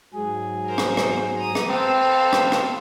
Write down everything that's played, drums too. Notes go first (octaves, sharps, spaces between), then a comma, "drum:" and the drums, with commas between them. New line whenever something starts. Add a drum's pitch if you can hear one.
G#2 F#3 G#4
A#4 C5
drum: rim click
drum: rim click
A#5 D#6
drum: rim click
C4 A4 B4 F5
drum: rim click
drum: rim click